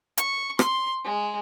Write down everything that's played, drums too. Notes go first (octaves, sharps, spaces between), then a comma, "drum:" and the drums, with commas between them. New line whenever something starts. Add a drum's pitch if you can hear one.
C#6, drum: hi-hat
C6, drum: rim click
G#3